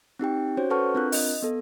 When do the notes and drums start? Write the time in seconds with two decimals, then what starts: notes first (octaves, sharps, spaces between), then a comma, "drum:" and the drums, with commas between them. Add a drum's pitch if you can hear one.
0.19 C4 D#4 G4 G5
0.57 C#4 F#4 C5 C#5
0.70 A4 B4 F#5 A5 C#6 F6
0.95 C4 D4 F4 A#4 F#6
1.12 D#5, drum: open hi-hat
1.42 B3 A4